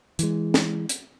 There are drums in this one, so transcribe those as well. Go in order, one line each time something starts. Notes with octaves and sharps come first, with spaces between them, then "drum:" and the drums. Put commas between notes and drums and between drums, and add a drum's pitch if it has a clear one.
E3 G#3, drum: hi-hat
drum: snare
drum: hi-hat